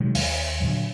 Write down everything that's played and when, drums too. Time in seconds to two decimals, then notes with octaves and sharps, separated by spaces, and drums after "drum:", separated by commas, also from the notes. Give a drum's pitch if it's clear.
0.01 C3 D#3 F#3 G#3
0.15 D#2, drum: open hi-hat
0.60 A#2 D3 F#3